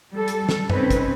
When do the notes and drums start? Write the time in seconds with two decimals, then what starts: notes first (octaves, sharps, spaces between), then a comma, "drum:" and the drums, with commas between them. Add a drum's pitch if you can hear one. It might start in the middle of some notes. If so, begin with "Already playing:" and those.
0.13 G3 A4
0.28 drum: hi-hat
0.49 drum: snare
0.70 C3 C4 C#4 D#4 B4, drum: tom F#2
0.90 drum: kick, hi-hat